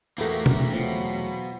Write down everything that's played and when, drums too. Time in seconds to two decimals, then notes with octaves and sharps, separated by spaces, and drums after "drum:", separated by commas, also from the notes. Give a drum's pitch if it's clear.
0.18 E2 A3 A#3 E4 F#4 G4 A#4
0.46 drum: tom
0.73 B2 F#3 C4 F4